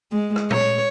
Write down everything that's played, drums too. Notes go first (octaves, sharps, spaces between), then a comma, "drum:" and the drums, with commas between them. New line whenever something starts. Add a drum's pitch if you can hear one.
G#3
drum: rim click
C#5, drum: tom A#2